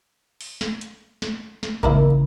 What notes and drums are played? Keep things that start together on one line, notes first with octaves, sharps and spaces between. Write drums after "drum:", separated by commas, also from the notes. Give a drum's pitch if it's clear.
drum: open hi-hat
drum: snare
drum: hi-hat
drum: snare
drum: snare
E2 C#3 A#3 D4 E4, drum: kick A1